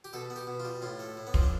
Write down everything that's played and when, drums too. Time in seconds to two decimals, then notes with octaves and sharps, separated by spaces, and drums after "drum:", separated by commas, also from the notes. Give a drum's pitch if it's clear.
0.04 G4
0.13 B2 A4
0.30 B3
0.36 G4
0.47 B2
0.60 F4
0.65 G3
0.82 A2 F4
0.99 A3
1.17 A2
1.27 B3
1.34 F3 C4, drum: kick
1.43 D4